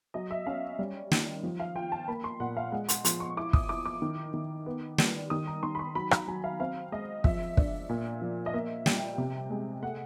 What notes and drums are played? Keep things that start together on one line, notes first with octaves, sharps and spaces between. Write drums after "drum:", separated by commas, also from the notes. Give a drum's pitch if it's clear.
F#3 D#5
E5
C#4 F5
G3
D#3, drum: snare
F3
F5
F4 G5
A5
A#3 B5
C6
A#2 F#5
F5
G#3 F#5
C6, drum: hi-hat
F3 C6, drum: hi-hat
C#6
E4 D6
D#6, drum: kick
E4 D6
D6
D#3
D#3
B3
G3, drum: snare
D#3 D#6
A#5
D#3 C6
B5
C6
F#3 B5
A#5, drum: rim click
F#3 G#5
F5
C4 F5
G#3 D#5
F3 E5, drum: kick
D4, drum: kick
A#2
F3
D#5
A#3 E5
G3 G5, drum: snare
C3
G#3
A3 F#5